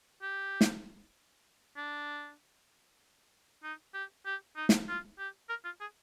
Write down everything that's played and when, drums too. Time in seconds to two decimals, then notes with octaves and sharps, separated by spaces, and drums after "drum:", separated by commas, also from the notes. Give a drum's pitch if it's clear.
0.22 G4
0.61 drum: snare
1.77 D4
3.63 D#4
3.94 G4
4.26 G4
4.56 D#4
4.69 drum: snare
4.88 F4
5.19 G4
5.49 A#4
5.65 F4
5.81 G#4